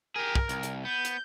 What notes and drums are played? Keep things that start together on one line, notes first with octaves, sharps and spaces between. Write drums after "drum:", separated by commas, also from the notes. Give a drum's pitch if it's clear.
G4 G#4 A#4
drum: kick
C2, drum: hi-hat
drum: hi-hat
B3 G6
drum: hi-hat